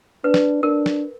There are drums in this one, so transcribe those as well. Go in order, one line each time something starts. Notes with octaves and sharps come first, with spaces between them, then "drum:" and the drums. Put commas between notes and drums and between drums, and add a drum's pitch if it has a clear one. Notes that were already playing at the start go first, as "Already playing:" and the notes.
D4 B4
drum: snare
D4 A#4
drum: snare